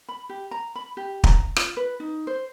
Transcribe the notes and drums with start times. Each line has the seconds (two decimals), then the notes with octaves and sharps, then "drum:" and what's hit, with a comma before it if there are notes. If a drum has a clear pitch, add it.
0.09 B5
0.29 G4
0.51 A#5
0.76 B5
0.97 G4
1.24 A#5, drum: kick
1.56 F4, drum: rim click
1.77 B4
2.00 D#4
2.27 C5